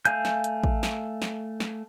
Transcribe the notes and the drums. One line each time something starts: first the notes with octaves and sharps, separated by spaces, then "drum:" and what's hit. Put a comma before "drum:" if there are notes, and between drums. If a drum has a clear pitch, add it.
A3 F5 G#5 G6, drum: hi-hat
drum: snare
drum: hi-hat
drum: kick A1
drum: snare
drum: snare
drum: snare